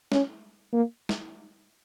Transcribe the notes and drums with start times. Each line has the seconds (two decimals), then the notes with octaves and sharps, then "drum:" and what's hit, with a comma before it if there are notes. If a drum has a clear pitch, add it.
0.12 C#4, drum: snare
0.73 A#3
1.09 drum: snare